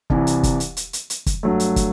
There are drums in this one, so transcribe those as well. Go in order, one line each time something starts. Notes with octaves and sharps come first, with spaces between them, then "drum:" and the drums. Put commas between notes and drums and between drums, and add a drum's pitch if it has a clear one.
C2 C3 E3, drum: kick
drum: hi-hat
drum: kick, hi-hat
drum: hi-hat
drum: hi-hat
drum: hi-hat
drum: hi-hat
drum: kick, hi-hat
G2 F#3 A3
drum: hi-hat
drum: kick, hi-hat